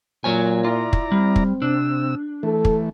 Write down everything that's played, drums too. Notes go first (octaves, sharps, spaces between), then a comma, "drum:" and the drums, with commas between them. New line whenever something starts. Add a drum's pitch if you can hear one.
A#2 F#3 C#5 G#5
E4 F4 D5 A#5
drum: kick
G3 C4
drum: kick
C3 D4 E6
E3 A3 A4
drum: kick